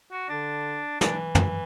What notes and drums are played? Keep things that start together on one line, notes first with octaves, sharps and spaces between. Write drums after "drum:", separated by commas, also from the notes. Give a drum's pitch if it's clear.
F#4
D3 D4
E3 D4, drum: snare
drum: tom